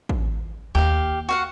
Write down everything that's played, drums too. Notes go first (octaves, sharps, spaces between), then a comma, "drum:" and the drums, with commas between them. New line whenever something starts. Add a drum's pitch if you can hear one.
drum: kick A1
D#2 G4 F5
F#4 F5 F#5